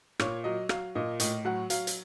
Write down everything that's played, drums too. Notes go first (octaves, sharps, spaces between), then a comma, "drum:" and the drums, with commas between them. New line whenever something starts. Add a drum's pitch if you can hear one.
A#2 C#5, drum: rim click
F#3 D#5
F#3 F5, drum: rim click
A#2 D#5
A2 D#5, drum: hi-hat
F#3 F#5
F#3 F5, drum: hi-hat
drum: hi-hat